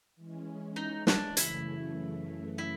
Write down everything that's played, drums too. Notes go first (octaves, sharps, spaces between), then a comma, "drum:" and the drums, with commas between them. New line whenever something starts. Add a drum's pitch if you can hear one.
E3 G#3 C#4
D#4
D4, drum: snare
F#2 C#3 E3 A3 E4, drum: hi-hat
E4